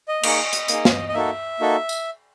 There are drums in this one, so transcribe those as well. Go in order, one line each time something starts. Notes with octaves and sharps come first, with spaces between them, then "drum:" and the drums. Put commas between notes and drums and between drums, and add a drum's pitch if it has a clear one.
D#5
A#3 D#4 G#4, drum: cymbal
drum: hi-hat
A#3 D#4 G#4, drum: hi-hat
drum: snare
D#5
A#3 D#4 F#4 A4 E5
A#3 D#4 F#4 A4
drum: tambourine